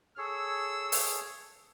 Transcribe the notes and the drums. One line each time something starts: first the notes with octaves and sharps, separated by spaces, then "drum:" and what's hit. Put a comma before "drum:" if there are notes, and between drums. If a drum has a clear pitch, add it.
G#4 A4 C#5 E6
drum: open hi-hat